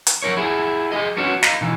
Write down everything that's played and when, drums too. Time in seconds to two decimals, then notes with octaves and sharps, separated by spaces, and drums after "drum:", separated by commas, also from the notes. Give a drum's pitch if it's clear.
0.07 drum: hi-hat
0.22 F#3 G#3 A#4 C#5
0.37 E4 G4 G#4
0.92 G4 G#4 D#5
1.17 G3 B3 C#4 D4 F#4 C#5
1.43 D#5 F5 A#5, drum: snare
1.61 B2 D3 E3